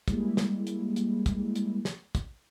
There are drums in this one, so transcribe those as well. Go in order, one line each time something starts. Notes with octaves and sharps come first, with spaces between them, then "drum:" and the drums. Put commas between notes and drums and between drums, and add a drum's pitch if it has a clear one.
G3 G#3 A#3 E4, drum: kick, hi-hat
drum: snare
drum: hi-hat
drum: hi-hat
drum: kick, hi-hat
drum: hi-hat
drum: snare
drum: kick, hi-hat